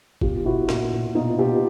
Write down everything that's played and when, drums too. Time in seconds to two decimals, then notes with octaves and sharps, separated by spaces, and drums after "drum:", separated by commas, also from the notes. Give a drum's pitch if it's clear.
0.21 B2 F4 G4, drum: kick F#1
0.45 B2 E4 F#4
0.69 A#2, drum: snare
0.92 A#2
1.15 B2 D#4 F4
1.38 B2 F4 G4